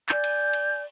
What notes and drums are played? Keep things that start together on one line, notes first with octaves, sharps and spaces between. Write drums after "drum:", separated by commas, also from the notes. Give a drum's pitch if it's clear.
D5 G#5 G6, drum: clap
drum: cymbal
drum: cymbal